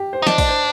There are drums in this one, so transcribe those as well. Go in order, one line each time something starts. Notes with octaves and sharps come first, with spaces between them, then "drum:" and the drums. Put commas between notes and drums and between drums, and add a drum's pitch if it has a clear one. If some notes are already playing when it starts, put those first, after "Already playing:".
Already playing: G4
C5
D#4
D4 D#5, drum: snare
D5, drum: kick, cymbal
C5